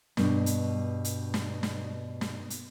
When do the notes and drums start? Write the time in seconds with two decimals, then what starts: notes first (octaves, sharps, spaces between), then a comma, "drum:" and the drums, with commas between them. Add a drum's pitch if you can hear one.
0.17 G2 B2, drum: snare
0.46 drum: hi-hat
1.05 drum: hi-hat
1.34 drum: snare
1.63 drum: snare
2.21 drum: snare
2.50 drum: hi-hat